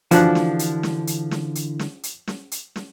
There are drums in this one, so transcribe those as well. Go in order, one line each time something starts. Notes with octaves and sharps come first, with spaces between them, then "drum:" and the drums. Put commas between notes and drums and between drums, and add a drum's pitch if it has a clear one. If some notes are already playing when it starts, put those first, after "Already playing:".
D3 E3 F3 D4 F#4 F#6, drum: hi-hat
drum: snare
drum: hi-hat
drum: snare
drum: hi-hat
drum: snare
drum: hi-hat
drum: snare
drum: hi-hat
drum: snare
drum: hi-hat
drum: snare